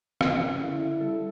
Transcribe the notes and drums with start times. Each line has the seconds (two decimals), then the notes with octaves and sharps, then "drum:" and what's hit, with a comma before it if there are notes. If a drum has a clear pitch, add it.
0.21 C#3, drum: rim click
0.58 D3 E4
1.00 G3 A4